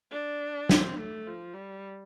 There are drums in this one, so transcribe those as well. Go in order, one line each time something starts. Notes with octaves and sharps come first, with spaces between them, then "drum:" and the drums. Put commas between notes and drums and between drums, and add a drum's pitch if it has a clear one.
D4
C4, drum: snare
A3
F3
G3